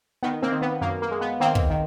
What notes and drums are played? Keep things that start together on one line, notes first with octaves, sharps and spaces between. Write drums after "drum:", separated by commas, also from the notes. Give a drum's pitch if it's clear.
D#3 B3
A#3 C4
D#3
B3
F#2 A#3
A#3
G#3
B3
D#3 A#3 C4
drum: kick
D#3